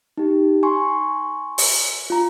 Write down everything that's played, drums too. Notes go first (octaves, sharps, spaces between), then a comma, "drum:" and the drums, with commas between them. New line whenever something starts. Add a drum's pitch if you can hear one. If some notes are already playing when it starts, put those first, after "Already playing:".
D#4 G4
G#5 C6 C#6
drum: open hi-hat
F4 A#5